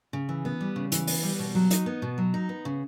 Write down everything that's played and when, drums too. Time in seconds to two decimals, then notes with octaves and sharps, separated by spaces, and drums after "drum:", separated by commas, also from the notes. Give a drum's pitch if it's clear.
0.13 C#3
0.29 E3
0.45 B3
0.61 G3
0.76 C#3
0.92 E3, drum: hi-hat
1.07 B3, drum: open hi-hat
1.23 G3
1.39 B2
1.55 F#3
1.71 D#4, drum: hi-hat
1.86 B3
2.02 B2
2.18 F#3
2.34 D#4
2.49 B3
2.65 C#3